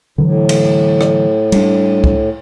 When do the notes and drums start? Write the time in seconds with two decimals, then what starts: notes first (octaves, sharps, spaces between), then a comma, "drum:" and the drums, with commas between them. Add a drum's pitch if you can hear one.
0.18 A2 D3 E3 F#3
0.49 drum: cymbal
1.01 drum: rim click
1.52 G3 D4, drum: cymbal
2.04 drum: kick C#2